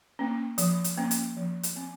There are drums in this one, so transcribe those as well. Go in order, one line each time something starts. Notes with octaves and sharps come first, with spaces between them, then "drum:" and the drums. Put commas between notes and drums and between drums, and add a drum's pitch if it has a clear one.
A#3 C#4
F3, drum: hi-hat
drum: hi-hat
A#3 C#4
drum: hi-hat
F3
drum: hi-hat
C4